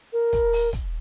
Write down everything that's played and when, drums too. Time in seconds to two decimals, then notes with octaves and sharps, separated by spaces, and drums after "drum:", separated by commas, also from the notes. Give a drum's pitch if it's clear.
0.13 A#4
0.33 drum: kick, hi-hat
0.53 drum: open hi-hat
0.73 drum: kick, hi-hat